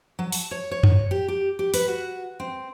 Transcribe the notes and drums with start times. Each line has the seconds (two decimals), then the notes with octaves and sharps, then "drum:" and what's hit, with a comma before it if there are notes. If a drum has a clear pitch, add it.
0.19 F#3
0.32 A5, drum: open hi-hat
0.51 C#5
0.71 C#5
0.83 drum: tom F#2
1.11 G4
1.28 G4
1.59 G4
1.74 B4, drum: open hi-hat
1.88 F#4
2.40 C4